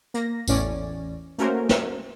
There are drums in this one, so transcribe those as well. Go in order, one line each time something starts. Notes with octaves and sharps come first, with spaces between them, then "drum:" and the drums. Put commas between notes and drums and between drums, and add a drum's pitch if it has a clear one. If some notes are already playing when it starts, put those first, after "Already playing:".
A#3 A#6, drum: hi-hat
A1 E2 A2 C#4 D5, drum: tambourine
A3 A#3 C#4 F#4 A#4 C5, drum: hi-hat
drum: snare